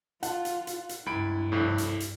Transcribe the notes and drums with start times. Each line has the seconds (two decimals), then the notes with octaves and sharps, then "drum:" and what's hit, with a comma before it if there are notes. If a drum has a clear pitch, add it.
0.23 F4 F#5 A5, drum: hi-hat
0.45 drum: hi-hat
0.67 drum: hi-hat
0.89 drum: hi-hat
1.06 C#2 G2 E4 B5 D7
1.52 C2 F2 A2
1.78 drum: hi-hat
2.00 drum: hi-hat